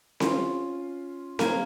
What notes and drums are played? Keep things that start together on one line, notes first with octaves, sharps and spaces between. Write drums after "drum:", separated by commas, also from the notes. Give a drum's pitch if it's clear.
C#4 F4 C6, drum: snare C4
A#3 G#5, drum: snare C4